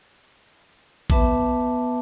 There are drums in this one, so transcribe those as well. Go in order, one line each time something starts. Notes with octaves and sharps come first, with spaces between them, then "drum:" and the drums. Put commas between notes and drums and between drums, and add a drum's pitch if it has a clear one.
B3 B4 E5 A5 D6, drum: kick A1